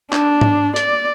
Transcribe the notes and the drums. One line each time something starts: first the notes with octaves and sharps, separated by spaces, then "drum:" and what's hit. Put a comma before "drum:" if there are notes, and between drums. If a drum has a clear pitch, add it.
D4, drum: clap
drum: tom
D5, drum: hi-hat